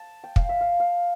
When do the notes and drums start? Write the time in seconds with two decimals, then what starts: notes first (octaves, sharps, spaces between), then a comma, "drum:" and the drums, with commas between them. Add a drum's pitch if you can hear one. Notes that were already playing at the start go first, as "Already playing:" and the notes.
Already playing: A5
0.24 G5
0.36 F5, drum: kick
0.49 E5
0.61 F5
0.80 F5